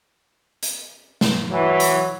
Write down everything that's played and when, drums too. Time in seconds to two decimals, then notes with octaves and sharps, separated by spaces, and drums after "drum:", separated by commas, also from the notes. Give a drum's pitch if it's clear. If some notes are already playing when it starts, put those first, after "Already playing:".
0.63 drum: hi-hat
1.21 drum: snare
1.51 E3 F#3
1.80 drum: hi-hat